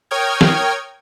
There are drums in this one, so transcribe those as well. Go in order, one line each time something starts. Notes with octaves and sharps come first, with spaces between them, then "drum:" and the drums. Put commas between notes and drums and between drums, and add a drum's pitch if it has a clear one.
A#4 C#5 G5 D#6 F6 G#6
drum: snare